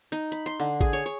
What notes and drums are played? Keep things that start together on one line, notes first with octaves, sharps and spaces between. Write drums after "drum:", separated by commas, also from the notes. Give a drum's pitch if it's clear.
D#4
B5
C6
D3
G#4, drum: kick
C#5
C#5